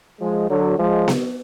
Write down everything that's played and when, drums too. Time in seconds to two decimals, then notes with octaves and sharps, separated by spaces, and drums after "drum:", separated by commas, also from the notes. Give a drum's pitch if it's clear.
0.21 F3 G#3
0.50 D3 F#3
0.79 F3 G#3
1.08 drum: snare B3